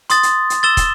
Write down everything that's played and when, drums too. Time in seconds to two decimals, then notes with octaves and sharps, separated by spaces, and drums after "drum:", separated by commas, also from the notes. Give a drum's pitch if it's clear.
0.10 C6 D#6 A6, drum: hi-hat
0.23 drum: hi-hat
0.50 drum: hi-hat
0.63 E6 A6 E7 G7
0.77 drum: kick, hi-hat